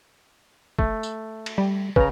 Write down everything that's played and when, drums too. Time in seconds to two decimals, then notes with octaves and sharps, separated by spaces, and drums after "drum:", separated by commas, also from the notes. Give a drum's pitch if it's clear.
0.79 A3, drum: kick
1.03 drum: tambourine
1.46 drum: cymbal
1.58 G3
1.96 C#3 B4 A#5, drum: kick